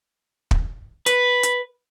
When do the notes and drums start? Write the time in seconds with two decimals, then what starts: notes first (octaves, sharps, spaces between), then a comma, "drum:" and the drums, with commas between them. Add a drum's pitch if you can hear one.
0.51 drum: kick
1.06 B4 B5, drum: hi-hat
1.43 drum: hi-hat